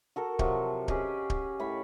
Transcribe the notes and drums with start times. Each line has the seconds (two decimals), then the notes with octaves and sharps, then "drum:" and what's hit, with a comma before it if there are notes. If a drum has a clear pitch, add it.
0.16 F#4 A4 A#4
0.39 C3 F3 F#3, drum: kick D1
0.88 C#4 G4 G#4 D#5, drum: kick D1
1.30 drum: kick D1
1.60 A2 C#5 G5 B5